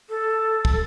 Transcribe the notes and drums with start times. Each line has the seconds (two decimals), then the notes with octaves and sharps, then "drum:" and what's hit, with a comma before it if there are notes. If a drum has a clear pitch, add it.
0.09 A4
0.65 drum: kick